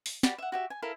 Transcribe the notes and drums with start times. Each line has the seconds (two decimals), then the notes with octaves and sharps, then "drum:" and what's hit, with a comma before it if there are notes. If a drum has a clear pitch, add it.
0.06 drum: open hi-hat
0.23 F#4 G4 D5 B5, drum: snare
0.38 E5 F#5
0.52 F#4 G4 E5
0.70 G#5
0.82 E4 A4 A#4 F5